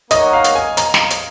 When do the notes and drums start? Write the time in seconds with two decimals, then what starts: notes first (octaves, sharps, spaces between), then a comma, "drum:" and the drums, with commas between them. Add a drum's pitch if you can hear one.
0.11 A#3 D#4 A#4 C#5 D#5 F#5, drum: hi-hat
0.33 F5
0.44 drum: hi-hat
0.55 G#5
0.77 A#5, drum: hi-hat
0.94 drum: snare
1.10 drum: hi-hat